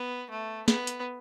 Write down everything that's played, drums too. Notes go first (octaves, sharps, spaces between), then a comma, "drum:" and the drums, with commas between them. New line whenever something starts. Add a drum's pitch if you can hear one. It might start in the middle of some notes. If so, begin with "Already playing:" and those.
Already playing: B3
A3
B3, drum: snare
drum: hi-hat